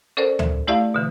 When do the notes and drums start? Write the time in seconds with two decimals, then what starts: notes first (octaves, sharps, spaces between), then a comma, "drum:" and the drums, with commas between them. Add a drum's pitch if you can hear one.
0.17 C#4 A4 A#4 C5 D5
0.39 E5, drum: tom D2
0.67 A3 E4 G4 D5 E5 F5
0.94 B2 D3 E3